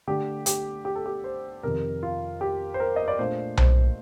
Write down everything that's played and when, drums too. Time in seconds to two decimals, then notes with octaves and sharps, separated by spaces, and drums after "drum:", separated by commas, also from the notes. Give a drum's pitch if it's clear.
0.07 D3 A3 D4 G4
0.46 G4, drum: hi-hat
0.85 G4
0.96 A4
1.06 G4
1.24 C5
1.63 F2 C3 D#3 A#4
2.03 F4
2.41 G4
2.74 C5
2.80 A#4
2.96 D#5
3.08 D5
3.19 A#2 A3 D4 C5
3.57 C5, drum: tom B1